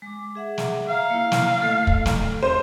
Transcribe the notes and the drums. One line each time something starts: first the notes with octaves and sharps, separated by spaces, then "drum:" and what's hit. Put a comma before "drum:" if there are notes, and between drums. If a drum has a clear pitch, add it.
G#3 D6
G#4 E5 F#5
drum: snare
E5 F5 A#5
A#3 E4
drum: snare
A3 A4 D#5
drum: kick
drum: snare
C4 C5